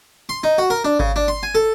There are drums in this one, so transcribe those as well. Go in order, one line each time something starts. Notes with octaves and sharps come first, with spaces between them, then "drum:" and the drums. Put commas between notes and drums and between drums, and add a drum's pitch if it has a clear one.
C6
D#4
F#4
A#4
D4
C#3, drum: kick G#1
D4
C6
G#5
A4